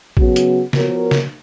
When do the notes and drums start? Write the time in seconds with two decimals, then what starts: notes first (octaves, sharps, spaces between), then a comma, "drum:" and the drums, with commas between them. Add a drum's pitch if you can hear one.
0.17 C#3 F#3 B3 F#4, drum: kick
0.36 drum: hi-hat
0.73 F3 B3 F#4 A#4 C#5, drum: snare C#3
1.11 drum: snare C#3